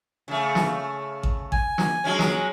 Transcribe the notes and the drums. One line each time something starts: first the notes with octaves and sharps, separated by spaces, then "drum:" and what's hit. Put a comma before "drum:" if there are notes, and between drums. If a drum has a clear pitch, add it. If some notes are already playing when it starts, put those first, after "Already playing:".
C#3 A3
drum: snare
drum: kick A1
G#5, drum: kick A1
drum: snare
F#3 G#3 C#4
drum: snare